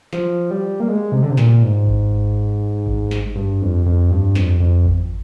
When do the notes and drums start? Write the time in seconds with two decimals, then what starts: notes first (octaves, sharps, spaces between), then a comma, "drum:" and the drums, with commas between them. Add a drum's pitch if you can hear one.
0.13 F3, drum: snare
0.51 G3
0.80 A#3
0.88 G#3
1.12 C3
1.23 D3
1.30 C3
1.37 A#2, drum: snare
1.63 G#2
1.87 drum: kick G#1
2.86 drum: kick G#1
3.11 drum: snare
3.35 G2
3.61 F2
3.86 F2
4.11 G2
4.35 F2, drum: snare
4.60 F2
4.85 drum: kick G#1